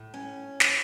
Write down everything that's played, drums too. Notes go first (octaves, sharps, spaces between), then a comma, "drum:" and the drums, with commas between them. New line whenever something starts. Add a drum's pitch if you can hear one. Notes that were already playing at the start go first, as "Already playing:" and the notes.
Already playing: A2
C#4
drum: snare